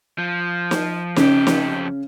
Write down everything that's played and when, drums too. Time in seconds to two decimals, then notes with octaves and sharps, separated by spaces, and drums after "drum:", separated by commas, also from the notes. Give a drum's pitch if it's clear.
0.18 F3
0.71 drum: snare
1.16 F2 C#3 C#4 G4, drum: snare
1.47 drum: snare